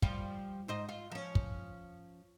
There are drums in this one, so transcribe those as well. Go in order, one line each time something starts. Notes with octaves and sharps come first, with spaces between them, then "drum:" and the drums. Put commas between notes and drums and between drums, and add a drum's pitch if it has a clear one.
F3 G3 F4, drum: kick
G#2 C5 D#5
F4
F3 C#4
drum: kick